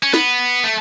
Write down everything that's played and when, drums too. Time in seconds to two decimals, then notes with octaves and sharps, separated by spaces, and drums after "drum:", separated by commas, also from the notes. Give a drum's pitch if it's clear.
0.03 C#4
0.14 B3, drum: snare
0.63 A3